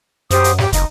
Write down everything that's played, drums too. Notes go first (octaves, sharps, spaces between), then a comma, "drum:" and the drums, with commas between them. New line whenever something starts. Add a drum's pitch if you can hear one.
F#2 G4 C5 D#6, drum: hi-hat
drum: hi-hat
G4, drum: snare
F#1 D#4, drum: kick, hi-hat